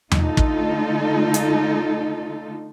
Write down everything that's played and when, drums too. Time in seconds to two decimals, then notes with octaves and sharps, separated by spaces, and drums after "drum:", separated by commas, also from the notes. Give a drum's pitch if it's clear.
0.11 D3 A3 D#4 F4 A4, drum: tom E2
0.37 drum: kick
1.34 drum: hi-hat